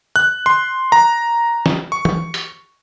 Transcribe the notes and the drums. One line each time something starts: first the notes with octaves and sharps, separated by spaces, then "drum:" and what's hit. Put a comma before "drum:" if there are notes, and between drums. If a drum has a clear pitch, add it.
F#6
C6
A#5
drum: snare
C#6
drum: tom
drum: hi-hat